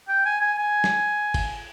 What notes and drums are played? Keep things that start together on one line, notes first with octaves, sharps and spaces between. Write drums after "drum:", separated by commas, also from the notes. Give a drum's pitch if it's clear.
G5
G#5
G#5
G#5
drum: snare
drum: kick, cymbal